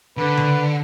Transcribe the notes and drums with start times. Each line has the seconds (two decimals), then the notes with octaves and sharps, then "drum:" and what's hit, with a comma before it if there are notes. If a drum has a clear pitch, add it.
0.17 D3 B4
0.37 drum: tom C#3